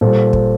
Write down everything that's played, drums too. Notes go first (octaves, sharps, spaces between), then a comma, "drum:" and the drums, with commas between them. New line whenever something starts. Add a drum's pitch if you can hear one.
A#2 G3 A4 C5
drum: kick